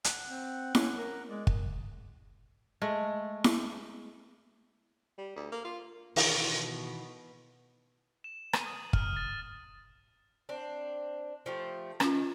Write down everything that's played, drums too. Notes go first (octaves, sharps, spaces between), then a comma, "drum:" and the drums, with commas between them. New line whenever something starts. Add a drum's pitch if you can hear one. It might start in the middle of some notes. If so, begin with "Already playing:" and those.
F#5, drum: hi-hat
C4
C#4, drum: snare E4
A#4
G#3 D5
drum: kick
G#3 A3
drum: snare E4
G3
D2
A#3
F4
B2 D#3 E3, drum: open hi-hat
E7
D#7, drum: rim click
D#6
F6, drum: kick
A6
C4 D4
F3 A3 G4
D#3 C#4 F4, drum: rim click